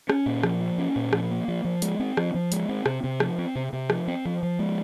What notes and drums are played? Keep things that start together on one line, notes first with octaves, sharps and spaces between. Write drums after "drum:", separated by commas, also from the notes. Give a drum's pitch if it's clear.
C#4, drum: rim click
A#2
F3, drum: rim click
A#3
C#4
A#2
F3, drum: rim click
A#3
F3
F3
G#3, drum: hi-hat
C4
F3, drum: rim click
F3
G#3, drum: hi-hat
C4
C3, drum: rim click
C3
F3, drum: rim click
C4
C3
C3
F3, drum: rim click
C4
F3
F3
G#3